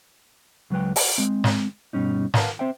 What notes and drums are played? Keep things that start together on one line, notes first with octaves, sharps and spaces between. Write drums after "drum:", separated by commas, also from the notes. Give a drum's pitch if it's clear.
C#2 F#3 G#3 B4 G5
F#5, drum: open hi-hat
G#3 C4
drum: snare
G2 B2 G3 C#4 D#4
A#4 B4 F5 F#5 A5, drum: snare
C4 C5 E5 G5